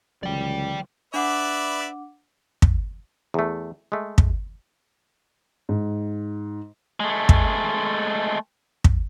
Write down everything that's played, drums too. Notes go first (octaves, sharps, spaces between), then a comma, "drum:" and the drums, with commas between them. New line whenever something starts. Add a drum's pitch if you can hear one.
C#2 D3 E3 F#3 D5 G5
D4 B4 D5 E5 F#5 D6
drum: kick
E2 A3
G#3 A3
drum: kick
G#2
G#3 A3
drum: kick
drum: kick